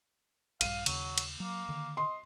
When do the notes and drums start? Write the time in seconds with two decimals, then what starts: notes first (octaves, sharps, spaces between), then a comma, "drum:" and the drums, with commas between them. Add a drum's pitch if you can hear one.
0.61 A#1 G2 F5 D#7, drum: cymbal
0.86 D#2 C#3 F#3, drum: cymbal
1.18 drum: cymbal
1.40 F#3 A#3
1.69 D3 D#3
1.97 D#5 C6